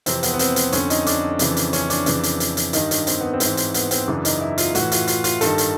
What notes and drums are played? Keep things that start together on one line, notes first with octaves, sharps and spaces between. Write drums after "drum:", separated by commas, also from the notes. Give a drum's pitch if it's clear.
F2 C3 E3 C4, drum: hi-hat
B3, drum: hi-hat
B3
C4, drum: hi-hat
drum: hi-hat
F2 D3 C#4, drum: hi-hat
D#4, drum: hi-hat
D4, drum: hi-hat
F2 C#3 E3, drum: hi-hat
drum: hi-hat
C#4, drum: hi-hat
D4, drum: hi-hat
F2 C#3 E3, drum: hi-hat
drum: hi-hat
drum: hi-hat
drum: hi-hat
G2 D#3 D#4, drum: hi-hat
D4, drum: hi-hat
C4, drum: hi-hat
B3
C4
G#2, drum: hi-hat
E3
drum: hi-hat
B3, drum: hi-hat
C4, drum: hi-hat
F#2 C#3 E3 D4
D#4, drum: hi-hat
E4
F4, drum: hi-hat
A2 E3 F#4, drum: hi-hat
F4, drum: hi-hat
F4, drum: hi-hat
F4, drum: hi-hat
G2 D#3 A4, drum: hi-hat
drum: hi-hat